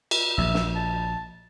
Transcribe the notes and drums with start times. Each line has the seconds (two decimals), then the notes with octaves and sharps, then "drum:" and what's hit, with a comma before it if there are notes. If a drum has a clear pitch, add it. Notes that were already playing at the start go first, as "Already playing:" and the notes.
0.11 drum: cymbal
0.38 A#1 E5
0.54 drum: snare
0.76 A5